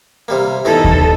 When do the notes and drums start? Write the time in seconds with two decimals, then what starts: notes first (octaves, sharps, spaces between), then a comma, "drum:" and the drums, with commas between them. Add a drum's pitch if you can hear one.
0.28 C3 G3 A#3
0.65 E2 A3 D#4 E4 A4
0.84 drum: kick D#2